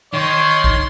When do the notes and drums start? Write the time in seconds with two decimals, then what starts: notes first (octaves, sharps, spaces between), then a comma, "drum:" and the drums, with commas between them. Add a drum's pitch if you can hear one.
0.14 D#3 C#5 C6
0.64 drum: kick